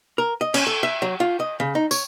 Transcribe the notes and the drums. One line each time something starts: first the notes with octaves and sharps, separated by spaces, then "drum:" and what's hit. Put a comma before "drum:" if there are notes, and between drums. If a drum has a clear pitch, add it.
A#4
D#5
C#4, drum: cymbal
A4
E5
F#3
F4
D#5
C#3
D#4
C#5, drum: tambourine